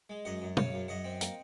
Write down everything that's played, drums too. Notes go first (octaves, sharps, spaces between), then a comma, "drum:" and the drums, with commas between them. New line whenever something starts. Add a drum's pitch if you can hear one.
G#3
F#2 D#5 F#5
F#2
C#3 C#5 F5, drum: tom
F#2
F#2 D#5 F#5
C4
A#3, drum: hi-hat